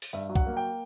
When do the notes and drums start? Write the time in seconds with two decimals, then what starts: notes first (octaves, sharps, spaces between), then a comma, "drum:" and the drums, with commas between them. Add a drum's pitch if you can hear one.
0.02 drum: open hi-hat
0.13 G2 E5
0.29 F#3
0.35 F#5, drum: kick
0.46 A#3
0.57 G5